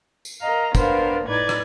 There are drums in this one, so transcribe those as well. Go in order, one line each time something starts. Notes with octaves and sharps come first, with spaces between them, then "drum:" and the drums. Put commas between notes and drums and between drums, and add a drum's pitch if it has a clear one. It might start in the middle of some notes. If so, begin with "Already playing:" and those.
drum: tambourine
A#4 D#5 F5 A#5
B3 D4 A#4 C5 F5, drum: kick, tambourine
A2 D#4 B4 D5 G#6
drum: rim click